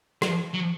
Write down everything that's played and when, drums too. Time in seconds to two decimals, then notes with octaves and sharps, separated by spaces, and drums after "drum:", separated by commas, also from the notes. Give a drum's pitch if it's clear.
0.22 F#3, drum: rim click
0.54 F#3